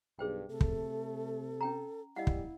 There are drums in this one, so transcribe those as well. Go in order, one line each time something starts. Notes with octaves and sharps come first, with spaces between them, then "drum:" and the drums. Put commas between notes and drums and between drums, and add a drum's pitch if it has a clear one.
B1 G2 G#4 C5 G5
C3 A3 A4
drum: kick
C#4 G5 A#5
G3 E4 D#5 F5 F#5
drum: kick